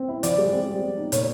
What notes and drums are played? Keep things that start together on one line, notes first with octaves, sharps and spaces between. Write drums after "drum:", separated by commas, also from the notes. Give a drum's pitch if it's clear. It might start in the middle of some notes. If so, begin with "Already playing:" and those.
Already playing: C4
E4
F3 D5, drum: hi-hat
G#3
C4
G3
B3
D#4
A#2 C#5, drum: hi-hat